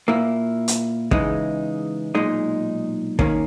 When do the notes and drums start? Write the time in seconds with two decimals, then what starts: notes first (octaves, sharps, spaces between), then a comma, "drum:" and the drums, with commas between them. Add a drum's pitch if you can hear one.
0.08 A#2 A#3 E4
0.68 drum: hi-hat
1.11 C#3 E3 G#3 D#4, drum: kick
2.15 B1 A#2 G#3 D#4
3.19 D#2 D#3 A#3 C#4, drum: kick